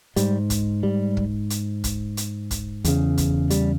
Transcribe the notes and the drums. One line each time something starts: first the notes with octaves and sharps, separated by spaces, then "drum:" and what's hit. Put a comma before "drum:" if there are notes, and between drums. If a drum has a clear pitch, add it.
G#2 G3, drum: hi-hat
drum: kick, hi-hat
G3
drum: kick
drum: hi-hat
drum: kick, hi-hat
drum: hi-hat
drum: kick, hi-hat
E2 C#3, drum: hi-hat
drum: kick, hi-hat
G3, drum: hi-hat